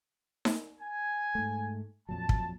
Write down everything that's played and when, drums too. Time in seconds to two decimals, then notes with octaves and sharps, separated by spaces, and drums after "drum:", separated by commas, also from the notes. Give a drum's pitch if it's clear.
0.45 drum: snare D#4
0.80 G#5
1.35 G#2 A3
2.09 F2 A#2 F#3 A5
2.29 drum: kick